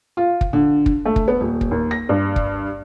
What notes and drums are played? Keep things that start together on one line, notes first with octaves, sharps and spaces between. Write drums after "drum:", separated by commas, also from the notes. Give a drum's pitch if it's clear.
F4
drum: kick
D3
drum: kick
A3
drum: kick
B3
D#1
drum: kick
D#2
A#6
G2
drum: kick